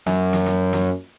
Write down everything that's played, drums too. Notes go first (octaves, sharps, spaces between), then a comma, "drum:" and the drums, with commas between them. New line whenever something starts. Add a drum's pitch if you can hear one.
F#2, drum: snare
drum: snare
drum: snare
drum: snare